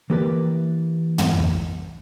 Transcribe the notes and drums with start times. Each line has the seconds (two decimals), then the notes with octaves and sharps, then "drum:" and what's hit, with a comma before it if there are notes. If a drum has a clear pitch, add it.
0.10 E3 A#3 G4 A#4 B4 D5
1.18 drum: tom
1.40 drum: kick